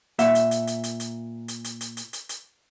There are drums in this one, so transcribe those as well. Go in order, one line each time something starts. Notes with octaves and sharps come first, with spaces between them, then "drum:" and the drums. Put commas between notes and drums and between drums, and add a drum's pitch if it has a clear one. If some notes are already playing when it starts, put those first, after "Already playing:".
A#2 E5 F#5, drum: hi-hat
drum: hi-hat
drum: hi-hat
drum: hi-hat
drum: hi-hat
drum: hi-hat
drum: hi-hat
drum: hi-hat
drum: hi-hat
drum: hi-hat
drum: hi-hat
drum: hi-hat